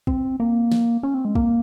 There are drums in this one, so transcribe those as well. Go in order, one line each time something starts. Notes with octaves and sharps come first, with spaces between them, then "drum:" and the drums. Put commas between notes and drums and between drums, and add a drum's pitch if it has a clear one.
C4, drum: kick
A#3
drum: snare
C#4
C4
G#3
A#3, drum: kick